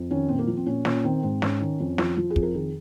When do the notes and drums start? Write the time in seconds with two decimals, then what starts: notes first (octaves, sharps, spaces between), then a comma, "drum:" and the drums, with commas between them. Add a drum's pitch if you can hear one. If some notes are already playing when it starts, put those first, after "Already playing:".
Already playing: F2
0.11 D#3 C#4
0.28 A#2 C4
0.39 A#3
0.47 F3
0.57 C4
0.66 A#2 C#4
0.85 A#2 C#4, drum: snare
1.04 D#3 C4
1.23 G#2 C4
1.42 G#2 C#4, drum: snare
1.60 D#3
1.80 F2
1.98 F3, drum: snare
2.17 F3 F4
2.30 G#4
2.36 F2, drum: kick
2.42 A#4
2.54 D#3 G#4